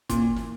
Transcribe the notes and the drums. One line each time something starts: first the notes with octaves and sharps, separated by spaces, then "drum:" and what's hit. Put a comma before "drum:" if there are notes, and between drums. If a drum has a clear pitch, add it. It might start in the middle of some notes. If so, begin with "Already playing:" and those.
A#2, drum: kick, hi-hat
drum: snare